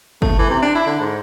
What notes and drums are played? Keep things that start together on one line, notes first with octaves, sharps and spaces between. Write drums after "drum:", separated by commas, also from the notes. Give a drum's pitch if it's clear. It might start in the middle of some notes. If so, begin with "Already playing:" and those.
A3, drum: kick
E3
C3
D4
E4
D3
G#2